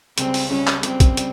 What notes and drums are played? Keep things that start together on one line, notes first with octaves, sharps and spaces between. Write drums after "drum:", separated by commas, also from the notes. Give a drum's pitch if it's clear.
C#2 C#3 G3 C4, drum: hi-hat
drum: open hi-hat
C#2 C#3 G3 C#4
drum: clap
C#2 C#3 G3 C4, drum: hi-hat
drum: kick, hi-hat
C#3 G3, drum: hi-hat